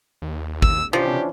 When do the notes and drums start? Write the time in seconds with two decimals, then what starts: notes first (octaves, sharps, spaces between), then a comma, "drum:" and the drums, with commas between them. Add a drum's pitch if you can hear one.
0.22 D#2
0.62 E6, drum: kick
0.93 C3 E3 F3 C#4 D4 G4